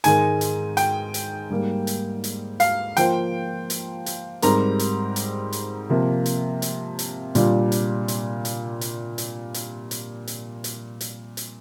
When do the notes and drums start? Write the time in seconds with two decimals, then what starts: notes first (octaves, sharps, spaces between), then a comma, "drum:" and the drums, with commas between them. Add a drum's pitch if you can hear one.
0.04 G#2 D#3 G#3 D#4 A#4 G#5, drum: hi-hat
0.41 drum: hi-hat
0.77 G5, drum: hi-hat
1.14 drum: hi-hat
1.50 G#2 G3 A#3
1.87 drum: hi-hat
2.24 drum: hi-hat
2.60 F5, drum: hi-hat
2.97 F3 A#3 F4 C5 G5, drum: hi-hat
3.70 drum: hi-hat
4.06 drum: hi-hat
4.42 G#2 G3 C4 G4 A#4 A#5, drum: hi-hat
4.79 drum: hi-hat
5.16 drum: hi-hat
5.52 drum: hi-hat
5.90 C3 F3 A#3
6.26 drum: hi-hat
6.62 drum: hi-hat
6.99 drum: hi-hat
7.35 A#2 G3 D4 F4, drum: hi-hat
7.72 drum: hi-hat
8.08 drum: hi-hat
8.45 drum: hi-hat
8.81 drum: hi-hat
9.18 drum: hi-hat
9.54 drum: hi-hat
9.91 drum: hi-hat
10.27 drum: hi-hat
10.64 drum: hi-hat
11.01 drum: hi-hat
11.37 drum: hi-hat